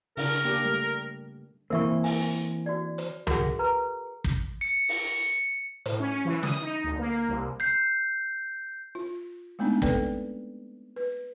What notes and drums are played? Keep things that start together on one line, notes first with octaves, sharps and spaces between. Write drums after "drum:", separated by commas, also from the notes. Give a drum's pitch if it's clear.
C#3 D4 A#4, drum: open hi-hat
A#3 D4 G4
G3 A3
E3 A#3 C4 A#4 E5 C#6
G#5, drum: open hi-hat
F#4 D5
drum: hi-hat
F#4 G#4 A#4 F#5, drum: tom
B4 A#5
drum: kick
C#7
drum: open hi-hat
A2, drum: hi-hat
C#4
E3
D#6, drum: snare
D#4
D2
A#3
C2
G6 C7
F4
G#3 A3 B3 C4 D4 D#4
A4 B4 D5 G5, drum: kick
B4